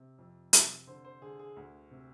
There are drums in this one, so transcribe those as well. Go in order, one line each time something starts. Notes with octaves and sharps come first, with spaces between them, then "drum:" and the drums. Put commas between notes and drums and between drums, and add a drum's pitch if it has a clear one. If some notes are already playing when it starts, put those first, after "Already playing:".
Already playing: C3
F2
C3, drum: hi-hat
D3 C5
C5
D3 G#4
G#4
D2
C3